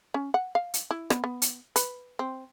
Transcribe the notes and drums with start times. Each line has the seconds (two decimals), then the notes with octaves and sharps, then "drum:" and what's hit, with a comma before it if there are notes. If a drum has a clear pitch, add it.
0.14 C#4
0.34 F#5
0.55 F5
0.74 drum: hi-hat
0.91 E4
1.10 B3, drum: rim click
1.24 B3
1.42 drum: hi-hat
1.76 B4, drum: hi-hat
2.19 C4